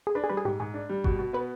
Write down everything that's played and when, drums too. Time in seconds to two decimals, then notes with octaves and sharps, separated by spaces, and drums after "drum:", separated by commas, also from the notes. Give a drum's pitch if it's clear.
0.07 G#4
0.15 D4 B4
0.24 G#4
0.29 G3 B4
0.37 G#4
0.45 G#2 G4
0.60 G#2 G#4
0.74 D4
0.89 G3
1.04 B2, drum: kick G1
1.19 B2
1.33 B3 B4